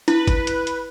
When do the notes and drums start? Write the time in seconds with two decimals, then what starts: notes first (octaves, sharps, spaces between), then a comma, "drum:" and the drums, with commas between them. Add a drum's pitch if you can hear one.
0.08 E4 B4, drum: hi-hat
0.27 drum: kick G#1, hi-hat
0.47 drum: hi-hat
0.67 drum: hi-hat